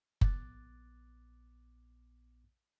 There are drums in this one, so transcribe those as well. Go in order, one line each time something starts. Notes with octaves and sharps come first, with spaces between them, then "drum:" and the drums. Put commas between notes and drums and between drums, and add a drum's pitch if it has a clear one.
A#1 B3 D6 F#6 A6, drum: kick F#1